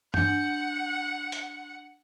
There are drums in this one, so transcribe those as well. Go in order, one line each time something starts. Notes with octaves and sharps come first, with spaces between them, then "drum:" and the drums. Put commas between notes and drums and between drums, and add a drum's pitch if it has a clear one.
D4 F#5 G6, drum: tom
drum: hi-hat